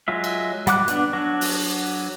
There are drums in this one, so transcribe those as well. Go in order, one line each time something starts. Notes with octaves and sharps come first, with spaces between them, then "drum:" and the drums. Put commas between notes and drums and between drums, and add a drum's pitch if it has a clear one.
F#3 G#3 F4 E5
drum: cymbal
G3 F#5 D6 F#6, drum: hi-hat
B3 D4, drum: hi-hat
F#3 D4 F#4
drum: open hi-hat